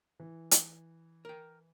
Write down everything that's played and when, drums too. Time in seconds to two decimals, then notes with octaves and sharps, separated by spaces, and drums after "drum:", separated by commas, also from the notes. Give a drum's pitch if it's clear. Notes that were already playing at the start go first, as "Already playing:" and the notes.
0.20 E3
0.51 drum: hi-hat
1.25 A#4 G5